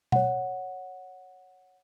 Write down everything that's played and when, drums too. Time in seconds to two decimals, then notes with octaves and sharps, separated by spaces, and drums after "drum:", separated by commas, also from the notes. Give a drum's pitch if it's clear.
0.12 C#5 F#5, drum: tom B2